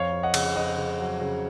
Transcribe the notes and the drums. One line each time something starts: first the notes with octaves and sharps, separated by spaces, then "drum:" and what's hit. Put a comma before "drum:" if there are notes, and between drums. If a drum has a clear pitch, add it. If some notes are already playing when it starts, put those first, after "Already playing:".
Already playing: F2 C#5 F5
F2
D#5 F#5
C#3, drum: cymbal
F2 D#5 F#5
C#3
F#3
C#3